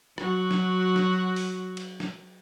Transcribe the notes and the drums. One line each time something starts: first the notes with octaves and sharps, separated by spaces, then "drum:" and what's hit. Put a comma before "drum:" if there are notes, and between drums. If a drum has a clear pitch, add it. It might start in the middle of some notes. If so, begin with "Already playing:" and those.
F#3 F#4, drum: rim click
drum: snare
drum: snare
drum: open hi-hat
drum: cymbal
drum: snare